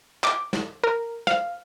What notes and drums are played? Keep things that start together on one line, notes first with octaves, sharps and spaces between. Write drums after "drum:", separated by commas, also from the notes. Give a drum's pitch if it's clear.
D6, drum: clap
drum: snare
A#4
F5, drum: rim click